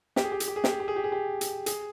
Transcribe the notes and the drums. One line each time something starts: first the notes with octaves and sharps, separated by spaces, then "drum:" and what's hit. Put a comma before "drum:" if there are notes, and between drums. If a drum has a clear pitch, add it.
G4, drum: snare
G#4
G4
G#4, drum: hi-hat
G4
G#4
G4, drum: snare
G#4
G4
G#4
G4
G#4
G4
drum: hi-hat
G#4, drum: hi-hat